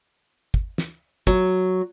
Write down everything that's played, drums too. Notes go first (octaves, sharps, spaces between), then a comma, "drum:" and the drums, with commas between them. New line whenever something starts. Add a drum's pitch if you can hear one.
drum: kick
drum: snare
F#3, drum: kick